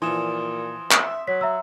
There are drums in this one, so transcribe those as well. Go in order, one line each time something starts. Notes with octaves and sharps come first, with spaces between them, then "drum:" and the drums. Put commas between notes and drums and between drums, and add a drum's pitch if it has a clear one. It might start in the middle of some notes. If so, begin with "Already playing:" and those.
A#2 E3 F3 C6 D#6 E7
E5, drum: clap
F#3 C#5 B6
E5 A#5 E6